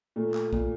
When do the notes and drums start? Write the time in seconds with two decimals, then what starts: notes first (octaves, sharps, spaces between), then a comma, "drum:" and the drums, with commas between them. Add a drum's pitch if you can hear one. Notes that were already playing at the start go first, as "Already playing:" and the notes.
0.16 A#2 A3
0.34 drum: clap
0.53 A#2, drum: kick